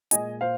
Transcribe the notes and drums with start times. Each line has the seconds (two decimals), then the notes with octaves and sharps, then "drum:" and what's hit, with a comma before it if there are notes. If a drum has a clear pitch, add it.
0.11 A#2 G#3 D#5 G#5, drum: hi-hat
0.41 A#2 C5 F5